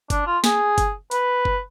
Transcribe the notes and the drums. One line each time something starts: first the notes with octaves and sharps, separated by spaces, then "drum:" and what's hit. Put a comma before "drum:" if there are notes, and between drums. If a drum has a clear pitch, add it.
D4, drum: kick F#1, hi-hat
F4
G#4, drum: snare
drum: kick F#1, hi-hat
B4, drum: hi-hat
drum: kick F#1